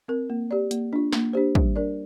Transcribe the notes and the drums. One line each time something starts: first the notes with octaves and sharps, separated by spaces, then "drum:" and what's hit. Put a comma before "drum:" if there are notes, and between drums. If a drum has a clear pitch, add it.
C4 A#4
A#3
G4 D5
A#3, drum: hi-hat
D4 F4
A#3, drum: snare
D4 G4 C5
G3, drum: kick
D4 A#4 D5